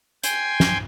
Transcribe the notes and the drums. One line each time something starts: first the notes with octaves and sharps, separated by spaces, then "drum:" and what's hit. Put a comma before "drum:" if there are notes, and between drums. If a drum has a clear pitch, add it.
G5 G#5 C6, drum: hi-hat
drum: snare